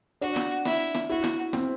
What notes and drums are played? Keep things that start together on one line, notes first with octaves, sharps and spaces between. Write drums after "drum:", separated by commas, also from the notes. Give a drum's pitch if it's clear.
D4 F#4
drum: snare
E4, drum: snare
drum: snare
E4 F#4
drum: snare
C4, drum: snare